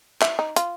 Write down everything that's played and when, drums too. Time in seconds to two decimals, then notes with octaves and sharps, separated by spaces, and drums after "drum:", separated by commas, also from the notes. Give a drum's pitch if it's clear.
0.22 E4, drum: clap
0.39 D#4
0.56 F4, drum: hi-hat